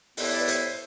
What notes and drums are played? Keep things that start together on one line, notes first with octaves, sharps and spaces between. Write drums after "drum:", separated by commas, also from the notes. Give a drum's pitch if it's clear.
A2 G3 B3 E4, drum: open hi-hat
D5
B4
C5, drum: hi-hat